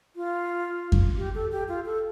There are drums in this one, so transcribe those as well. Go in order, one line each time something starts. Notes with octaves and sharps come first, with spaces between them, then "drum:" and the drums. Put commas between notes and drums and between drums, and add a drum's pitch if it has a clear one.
F4
drum: kick F2
G4
A4
G4
F4
A4